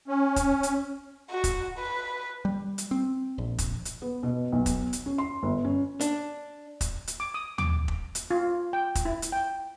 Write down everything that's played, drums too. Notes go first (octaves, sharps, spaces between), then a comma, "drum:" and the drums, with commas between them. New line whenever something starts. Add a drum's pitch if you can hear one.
C#4
drum: kick, hi-hat
drum: hi-hat
F#4
drum: kick, hi-hat
B4
G3
drum: hi-hat
C4
A#1
drum: kick, hi-hat
drum: hi-hat
B3
B2
B1
drum: kick, hi-hat
drum: hi-hat
C#4
C6
G1
C#4
D4, drum: hi-hat
drum: kick, hi-hat
drum: hi-hat
D6
D#6
D6, drum: tom D#2
drum: kick
drum: hi-hat
F4
G5
drum: kick, hi-hat
E4
drum: hi-hat
G5